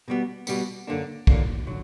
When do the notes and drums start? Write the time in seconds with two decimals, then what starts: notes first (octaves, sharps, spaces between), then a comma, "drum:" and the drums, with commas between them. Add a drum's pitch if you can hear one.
0.08 B2 G3 B3
0.47 B2 G3 B3, drum: tambourine
0.87 F#2 D3 A#3 D4
1.27 F#2 D3 A#3 D4, drum: kick
1.67 D3 F#3